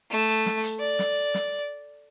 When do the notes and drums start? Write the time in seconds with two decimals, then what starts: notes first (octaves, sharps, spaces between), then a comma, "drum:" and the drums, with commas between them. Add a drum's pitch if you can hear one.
0.11 A3
0.28 drum: hi-hat
0.46 drum: snare
0.64 drum: hi-hat
0.80 D5
0.99 drum: snare
1.34 drum: snare